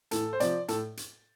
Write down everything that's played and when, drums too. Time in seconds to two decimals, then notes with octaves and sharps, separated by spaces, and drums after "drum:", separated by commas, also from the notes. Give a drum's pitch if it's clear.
0.11 A2 E3 A4, drum: hi-hat
0.33 C5
0.40 C3 F3 D5, drum: hi-hat
0.68 A2 A4, drum: hi-hat
0.97 drum: hi-hat